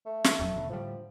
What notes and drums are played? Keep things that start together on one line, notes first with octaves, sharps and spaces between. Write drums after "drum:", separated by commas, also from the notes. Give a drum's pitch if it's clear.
A3
drum: snare
E1 F2 F#3
D#2 B2 D3
A2 D3 F3 G3